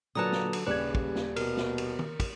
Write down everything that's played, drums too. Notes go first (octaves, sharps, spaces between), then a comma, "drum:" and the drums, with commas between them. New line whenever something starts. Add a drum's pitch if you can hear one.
A#2 D3 F#3 B4 A5 A#5 D#6
drum: snare
drum: cymbal
D#1 C#3 G3 B4 D5 G#6
drum: kick
drum: snare
B2 A#4, drum: cymbal
drum: snare
drum: cymbal
drum: tom
drum: kick, cymbal